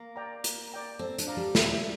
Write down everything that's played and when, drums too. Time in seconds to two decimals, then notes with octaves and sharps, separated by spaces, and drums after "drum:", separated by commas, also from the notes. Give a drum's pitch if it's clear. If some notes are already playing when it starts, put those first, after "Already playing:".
Already playing: A#3
0.16 D5 G5 A#5
0.44 A#4, drum: hi-hat
0.72 D5 G5 A#5
0.99 C4 A4
1.18 D4, drum: hi-hat
1.27 D5 F5 A#5
1.37 G3
1.55 A4, drum: snare